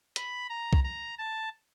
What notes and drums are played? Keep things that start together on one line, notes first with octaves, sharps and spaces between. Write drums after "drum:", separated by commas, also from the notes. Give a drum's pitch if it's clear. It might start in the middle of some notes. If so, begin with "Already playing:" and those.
B5, drum: hi-hat
A#5
drum: kick C2
A#5
A5